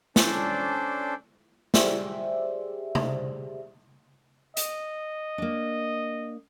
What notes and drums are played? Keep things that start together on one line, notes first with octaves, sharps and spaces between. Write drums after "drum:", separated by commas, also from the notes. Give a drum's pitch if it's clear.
C#4 D4 A4 C5 D5, drum: snare
G4 G#4 C5 D5 E5, drum: snare
drum: tom C3
D#5, drum: hi-hat
A#3 D4